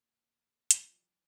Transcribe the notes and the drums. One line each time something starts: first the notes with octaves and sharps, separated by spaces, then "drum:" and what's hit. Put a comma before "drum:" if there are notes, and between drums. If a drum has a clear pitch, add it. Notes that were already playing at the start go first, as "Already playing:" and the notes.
Already playing: A#2 D3
drum: hi-hat
F3
E3 G3